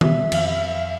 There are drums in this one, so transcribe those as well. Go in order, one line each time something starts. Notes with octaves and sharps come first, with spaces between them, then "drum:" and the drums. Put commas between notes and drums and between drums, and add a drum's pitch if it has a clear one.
B2 G3 E5, drum: tom D#3
F2 F5 F6, drum: cymbal